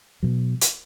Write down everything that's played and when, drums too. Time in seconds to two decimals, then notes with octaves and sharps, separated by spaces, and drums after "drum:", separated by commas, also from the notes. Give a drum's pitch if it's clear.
0.23 B2 F#3
0.61 drum: hi-hat